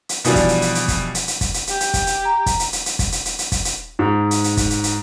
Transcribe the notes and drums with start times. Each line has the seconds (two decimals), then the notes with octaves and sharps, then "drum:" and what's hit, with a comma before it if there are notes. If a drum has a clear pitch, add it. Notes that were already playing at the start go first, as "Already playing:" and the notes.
0.09 drum: hi-hat
0.25 B2 E3 F3 G3 D4, drum: hi-hat
0.36 drum: kick, hi-hat
0.49 drum: hi-hat
0.62 drum: hi-hat
0.75 drum: hi-hat
0.88 drum: kick, hi-hat
1.15 drum: hi-hat
1.28 drum: hi-hat
1.41 drum: kick, hi-hat
1.54 drum: hi-hat
1.67 G4, drum: hi-hat
1.80 drum: hi-hat
1.94 drum: kick, hi-hat
2.07 drum: hi-hat
2.25 A#5
2.46 drum: kick, hi-hat
2.60 drum: hi-hat
2.73 drum: hi-hat
2.86 drum: hi-hat
2.99 drum: kick, hi-hat
3.12 drum: hi-hat
3.25 drum: hi-hat
3.39 drum: hi-hat
3.52 drum: kick, hi-hat
3.65 drum: hi-hat
3.99 G#2
4.31 drum: hi-hat
4.44 drum: hi-hat
4.57 drum: kick, hi-hat
4.70 drum: hi-hat
4.84 drum: hi-hat